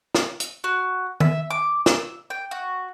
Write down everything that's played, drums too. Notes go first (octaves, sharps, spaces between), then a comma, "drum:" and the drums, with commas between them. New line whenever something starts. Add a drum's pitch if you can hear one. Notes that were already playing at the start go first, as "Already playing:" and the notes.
drum: snare
drum: hi-hat
F#4
E5, drum: tom D#3
D6
E6, drum: snare
G5
F#4